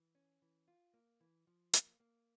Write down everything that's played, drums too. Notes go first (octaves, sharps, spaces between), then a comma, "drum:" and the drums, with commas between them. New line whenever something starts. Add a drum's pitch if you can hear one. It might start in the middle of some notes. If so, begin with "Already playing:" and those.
Already playing: E3
C#4
E3
F4
A#3
E3
F3
A#3, drum: hi-hat
A#3